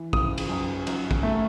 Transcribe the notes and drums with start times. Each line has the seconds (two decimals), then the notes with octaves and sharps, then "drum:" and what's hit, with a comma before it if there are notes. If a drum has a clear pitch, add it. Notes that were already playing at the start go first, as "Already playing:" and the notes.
Already playing: E3
0.13 F#1 D#6, drum: kick
0.38 drum: cymbal
0.50 F#2
0.87 F#2, drum: cymbal
1.11 drum: kick
1.23 A3